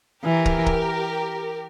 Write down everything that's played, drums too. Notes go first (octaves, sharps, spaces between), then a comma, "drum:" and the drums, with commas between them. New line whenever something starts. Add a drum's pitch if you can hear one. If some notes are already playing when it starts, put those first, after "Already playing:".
E3 G4 A#4
drum: kick
drum: kick